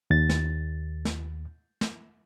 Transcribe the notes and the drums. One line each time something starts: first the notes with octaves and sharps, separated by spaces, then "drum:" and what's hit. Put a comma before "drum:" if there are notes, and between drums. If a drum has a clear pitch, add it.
D#2 A6
drum: snare
drum: snare
drum: snare